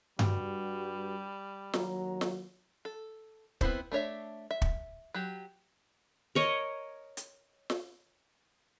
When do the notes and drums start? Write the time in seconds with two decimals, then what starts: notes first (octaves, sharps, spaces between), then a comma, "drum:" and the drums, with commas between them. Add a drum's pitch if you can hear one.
0.19 G2 G3 F#4, drum: tom G2
1.74 D#2 F#3 A#5, drum: snare
2.21 drum: snare
2.85 A4
3.61 B3 C4 E4 C5, drum: kick
3.92 A3 D4 C#5 E5
4.51 E5
4.62 drum: kick
5.14 F#3 G4
6.35 A#4 C#5 D#5
7.17 drum: hi-hat
7.70 drum: snare